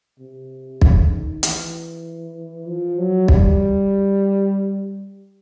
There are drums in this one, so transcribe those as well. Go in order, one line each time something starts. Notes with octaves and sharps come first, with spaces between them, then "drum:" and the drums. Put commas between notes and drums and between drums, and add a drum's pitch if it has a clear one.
C3
C#3, drum: kick
D#3
E3, drum: hi-hat
F3
F#3
G3, drum: kick